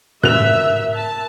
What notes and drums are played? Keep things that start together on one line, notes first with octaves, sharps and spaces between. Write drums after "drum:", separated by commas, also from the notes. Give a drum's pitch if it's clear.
A#4 E5 F#6 F7, drum: tom
A5